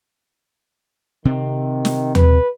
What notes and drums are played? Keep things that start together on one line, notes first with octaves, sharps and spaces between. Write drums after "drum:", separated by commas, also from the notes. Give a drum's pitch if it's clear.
C3 D#3 C4
drum: snare
B4, drum: tom D#2